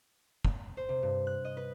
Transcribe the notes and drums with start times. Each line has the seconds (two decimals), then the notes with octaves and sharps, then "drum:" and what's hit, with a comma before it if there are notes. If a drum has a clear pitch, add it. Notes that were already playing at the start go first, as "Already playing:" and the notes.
0.45 drum: kick
0.77 C5
0.89 C3
1.03 G2
1.27 F#6
1.45 D#5
1.57 B4